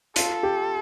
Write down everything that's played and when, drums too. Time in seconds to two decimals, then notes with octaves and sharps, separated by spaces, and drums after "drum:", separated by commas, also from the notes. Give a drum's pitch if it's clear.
0.16 F4 A4, drum: hi-hat
0.43 G4